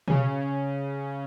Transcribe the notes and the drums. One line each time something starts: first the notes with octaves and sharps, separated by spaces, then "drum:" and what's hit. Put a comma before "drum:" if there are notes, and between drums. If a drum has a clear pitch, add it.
C#3 C#4, drum: tom B2